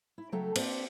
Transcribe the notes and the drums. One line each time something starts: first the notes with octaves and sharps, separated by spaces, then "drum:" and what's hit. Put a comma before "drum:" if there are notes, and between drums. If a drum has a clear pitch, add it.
E4
C#3 F#3 A3 A4 G5 A#5
A#3 C4 D4 B4 C5 D5, drum: cymbal